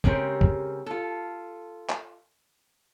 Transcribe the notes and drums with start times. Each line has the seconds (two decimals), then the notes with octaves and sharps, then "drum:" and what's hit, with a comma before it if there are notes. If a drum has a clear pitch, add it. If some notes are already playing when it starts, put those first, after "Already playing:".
0.04 C#3 G#3 C4 C#4 G4 A#4, drum: kick
0.41 drum: kick
0.86 F4 A4
1.89 drum: clap